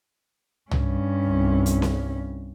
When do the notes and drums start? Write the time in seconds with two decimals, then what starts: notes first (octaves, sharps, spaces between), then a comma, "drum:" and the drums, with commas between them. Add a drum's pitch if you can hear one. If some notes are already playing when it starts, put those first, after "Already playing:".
0.71 G2 C#4, drum: tom C2
1.25 C2
1.66 drum: hi-hat
1.82 drum: snare C#4